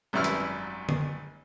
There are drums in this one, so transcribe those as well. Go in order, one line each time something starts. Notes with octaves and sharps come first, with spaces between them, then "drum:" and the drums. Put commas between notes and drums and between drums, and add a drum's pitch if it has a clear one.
G#1 F#2 G3 E4 B4 F6
drum: hi-hat
drum: tom D3